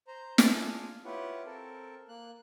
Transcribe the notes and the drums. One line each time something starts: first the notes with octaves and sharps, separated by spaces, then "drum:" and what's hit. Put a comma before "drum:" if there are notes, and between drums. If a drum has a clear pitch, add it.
C5 A#5
D4 F4 G#4 G#5 F6, drum: snare
E4 F4 G4 B4 C#5 F#5
C4 A4 A#4
A#3 F#6